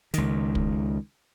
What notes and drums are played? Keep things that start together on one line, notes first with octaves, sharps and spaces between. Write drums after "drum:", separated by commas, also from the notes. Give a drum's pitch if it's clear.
C#2 D#3, drum: hi-hat
drum: kick